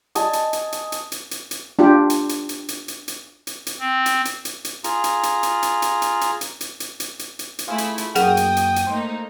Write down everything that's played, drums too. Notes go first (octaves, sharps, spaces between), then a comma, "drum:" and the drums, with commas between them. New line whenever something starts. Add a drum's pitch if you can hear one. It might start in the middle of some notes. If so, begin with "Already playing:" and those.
D#5 G#5 A5, drum: hi-hat
drum: hi-hat
drum: hi-hat
drum: hi-hat
drum: hi-hat
drum: hi-hat
drum: hi-hat
drum: hi-hat
D4 F4 G4
drum: hi-hat
drum: hi-hat
drum: hi-hat
drum: hi-hat
drum: hi-hat
drum: hi-hat
drum: hi-hat
drum: hi-hat
C4
drum: hi-hat
drum: hi-hat
drum: hi-hat
drum: hi-hat
F4 G#4 A#5, drum: hi-hat
drum: hi-hat
drum: hi-hat
drum: hi-hat
drum: hi-hat
drum: hi-hat
drum: hi-hat
drum: hi-hat
drum: hi-hat
drum: hi-hat
drum: hi-hat
drum: hi-hat
drum: hi-hat
drum: hi-hat
drum: hi-hat
A3 E4 F4 G#4
drum: hi-hat
drum: hi-hat
F#2 A#3 F#4 G#4 F#5 G5 D#6, drum: hi-hat
drum: hi-hat
drum: hi-hat
drum: hi-hat
A3 A#3 D#4 C5